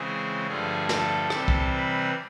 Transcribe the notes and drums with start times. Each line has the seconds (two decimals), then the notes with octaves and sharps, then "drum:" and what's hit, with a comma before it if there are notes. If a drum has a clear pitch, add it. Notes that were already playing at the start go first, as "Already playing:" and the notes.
Already playing: C#3 E3 G#3 C4 G#4
0.46 G2 D3 F3 A3 G#4
0.89 A4, drum: snare
1.30 C3 E3 G3 C4, drum: rim click
1.48 drum: kick
1.73 B4